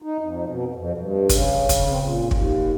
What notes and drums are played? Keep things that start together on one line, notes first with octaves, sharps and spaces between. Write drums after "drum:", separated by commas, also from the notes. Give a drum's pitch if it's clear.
D#4
F2
B2
F2
G2
C#3, drum: kick, hi-hat
drum: kick, hi-hat
C4
A#2
D#2, drum: kick